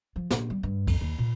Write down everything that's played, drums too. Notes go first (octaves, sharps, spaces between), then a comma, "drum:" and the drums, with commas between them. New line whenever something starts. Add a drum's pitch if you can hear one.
F3
A#1, drum: snare
G3
G2
F2, drum: kick C2, cymbal
D#2
A#2